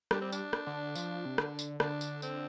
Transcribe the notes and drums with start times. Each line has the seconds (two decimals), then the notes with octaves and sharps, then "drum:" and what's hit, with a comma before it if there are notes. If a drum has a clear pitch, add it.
0.11 G3 D4, drum: rim click
0.21 C4
0.32 D4, drum: tambourine
0.53 drum: rim click
0.67 D3
0.96 F3, drum: tambourine
1.25 C3
1.38 D3, drum: rim click
1.59 drum: tambourine
1.80 D3 D4, drum: rim click
2.01 drum: tambourine
2.22 C4, drum: tambourine